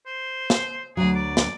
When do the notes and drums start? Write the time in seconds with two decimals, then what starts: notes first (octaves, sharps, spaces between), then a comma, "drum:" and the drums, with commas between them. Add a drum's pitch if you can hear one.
0.07 C5
0.50 drum: snare
0.97 D2 F#3 G#4
1.15 D5
1.37 drum: snare